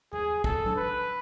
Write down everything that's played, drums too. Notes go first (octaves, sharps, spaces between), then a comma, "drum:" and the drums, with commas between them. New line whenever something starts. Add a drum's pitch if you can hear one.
G#4, drum: tom E2
A4, drum: kick
drum: tom F#3
B4